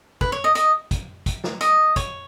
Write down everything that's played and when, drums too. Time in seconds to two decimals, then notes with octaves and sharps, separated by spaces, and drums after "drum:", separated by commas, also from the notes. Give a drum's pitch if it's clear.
0.21 B4, drum: kick
0.32 C#5
0.44 D#5
0.55 D#5, drum: hi-hat
0.91 drum: kick, hi-hat
1.26 drum: kick, hi-hat
1.44 drum: snare
1.61 D#5, drum: hi-hat
1.96 C#5, drum: kick, hi-hat